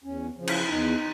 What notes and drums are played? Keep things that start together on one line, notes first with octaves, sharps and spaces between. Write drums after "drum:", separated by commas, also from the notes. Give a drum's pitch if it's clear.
E2 C#4
C#3 F3
E4, drum: cymbal
E2 D#4